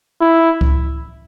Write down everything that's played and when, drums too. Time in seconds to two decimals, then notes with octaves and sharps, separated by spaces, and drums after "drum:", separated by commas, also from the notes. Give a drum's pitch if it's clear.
0.21 E4
0.61 drum: kick C#2